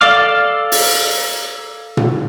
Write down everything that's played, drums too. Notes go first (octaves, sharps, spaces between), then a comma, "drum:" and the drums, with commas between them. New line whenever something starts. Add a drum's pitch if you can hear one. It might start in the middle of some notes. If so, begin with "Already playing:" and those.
A4 D5 F5 D6 F6
drum: open hi-hat
drum: tom